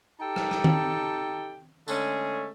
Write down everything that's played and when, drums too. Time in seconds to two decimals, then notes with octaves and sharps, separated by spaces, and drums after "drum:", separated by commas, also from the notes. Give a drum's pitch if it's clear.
0.20 D#4 G4 A4 G5 A5
0.36 drum: rim click
0.51 drum: rim click
0.64 drum: tom D#3
1.88 D3 G#3 A3 C#4 G#4, drum: tambourine